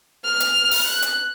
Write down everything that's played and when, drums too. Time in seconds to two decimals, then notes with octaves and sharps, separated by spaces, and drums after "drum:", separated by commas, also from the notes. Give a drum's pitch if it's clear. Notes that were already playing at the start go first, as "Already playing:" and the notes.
0.25 F6
0.40 drum: hi-hat
0.71 drum: open hi-hat
0.87 F#6
1.02 drum: hi-hat